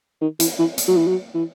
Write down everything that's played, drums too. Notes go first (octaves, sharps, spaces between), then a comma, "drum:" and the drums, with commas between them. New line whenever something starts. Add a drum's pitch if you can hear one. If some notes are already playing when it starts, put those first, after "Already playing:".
D#3
E3, drum: hi-hat
E3
drum: hi-hat
F#3
E3
F#3
E3